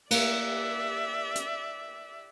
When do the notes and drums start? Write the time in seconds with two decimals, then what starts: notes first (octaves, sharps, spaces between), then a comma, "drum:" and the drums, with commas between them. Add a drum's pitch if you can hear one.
0.11 A#3 D5 E5, drum: cymbal
1.35 drum: hi-hat